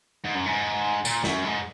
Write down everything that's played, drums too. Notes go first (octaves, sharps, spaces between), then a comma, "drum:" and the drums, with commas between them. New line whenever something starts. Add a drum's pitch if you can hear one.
G#2
F#2
G#2
A#2, drum: tambourine
F#2, drum: snare
G#2